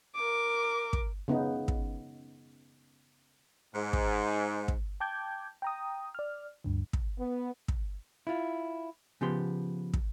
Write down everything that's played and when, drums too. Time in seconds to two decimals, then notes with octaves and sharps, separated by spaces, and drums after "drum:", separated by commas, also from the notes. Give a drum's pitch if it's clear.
0.16 A#4 D6
0.93 drum: kick
1.28 C#3 B3 D#4
1.68 drum: kick
3.75 G#2
3.93 drum: kick
4.68 drum: kick
5.00 G5 A5 D6 G6 G#6
5.62 G5 A#5 D#6
6.15 D5 F6
6.64 D2 G2 D3
6.93 drum: kick
7.18 B3
7.68 drum: kick
8.27 E4 F4
9.21 C#3 F3 B3 G4 C6
9.94 drum: kick